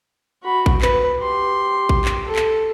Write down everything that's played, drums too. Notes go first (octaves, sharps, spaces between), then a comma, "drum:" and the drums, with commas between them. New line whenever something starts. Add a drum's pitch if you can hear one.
F#4 B5
drum: kick A1
B4, drum: clap
G4 C6
drum: kick A1
drum: clap
A4
drum: clap